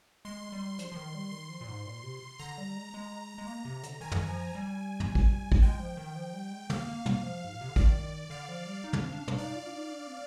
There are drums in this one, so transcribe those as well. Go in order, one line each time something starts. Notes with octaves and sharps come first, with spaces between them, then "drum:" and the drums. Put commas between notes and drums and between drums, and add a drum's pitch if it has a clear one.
G#3 C6
G3
F3, drum: hi-hat
F3
D#3
G3
D#3 C6
F3
A#2
G#2
A#2
C3
D3 A#5
G3
G#3
G#3
G#3
A#3 A#5
C3
D3, drum: hi-hat
D#3 G#5
drum: tom
F3
G3
drum: tom
drum: kick A1
drum: kick A1
G#3 G5
F3
D#3
F3
G3
G#3
A#3 F5, drum: tom
A#3
A#3, drum: tom
F3
G#2
A#2
C3
D3
D#3 D5, drum: kick A1
D3 F5
F3
G3
D#4
D4, drum: tom
C4
D4
D4, drum: tom
D#4 D5
F4
D4
D#4
D4
C4